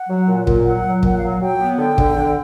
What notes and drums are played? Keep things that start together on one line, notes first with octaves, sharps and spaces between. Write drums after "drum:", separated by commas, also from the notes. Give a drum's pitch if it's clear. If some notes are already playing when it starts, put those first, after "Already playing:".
Already playing: F#5
F#3
A#2
A#2, drum: kick
F#3 F#5
F#3
A#2 F#5, drum: kick
F#3 F5
F#5
F#3 G5
B3
D3 G5
D3, drum: kick
D3